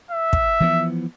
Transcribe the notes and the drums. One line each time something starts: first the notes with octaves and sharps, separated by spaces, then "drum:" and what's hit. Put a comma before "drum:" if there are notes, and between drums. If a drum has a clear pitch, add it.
E5
drum: kick
E3 F3 B3